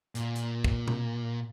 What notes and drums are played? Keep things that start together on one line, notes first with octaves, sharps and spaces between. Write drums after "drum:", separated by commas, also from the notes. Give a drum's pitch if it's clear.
A#2, drum: hi-hat
drum: hi-hat
drum: kick
drum: tom B2